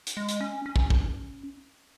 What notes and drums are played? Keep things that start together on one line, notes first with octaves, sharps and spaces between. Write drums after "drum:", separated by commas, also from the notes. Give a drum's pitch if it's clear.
drum: hi-hat
G#3
drum: hi-hat
C#4
C#4
drum: kick
drum: kick